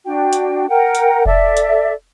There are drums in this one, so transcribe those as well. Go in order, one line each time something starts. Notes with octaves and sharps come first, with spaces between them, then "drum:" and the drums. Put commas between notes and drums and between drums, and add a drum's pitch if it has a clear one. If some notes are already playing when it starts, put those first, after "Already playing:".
D4 F#4 G5
drum: hi-hat
A#4 F#5 G5
drum: hi-hat
A4 D5 E5, drum: kick F1
drum: hi-hat